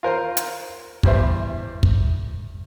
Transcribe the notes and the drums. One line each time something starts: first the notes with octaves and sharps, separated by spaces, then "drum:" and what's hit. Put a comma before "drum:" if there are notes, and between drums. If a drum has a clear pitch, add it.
F4 A#4 C5 C6
drum: hi-hat
E2 G3 C5 E5, drum: kick
drum: kick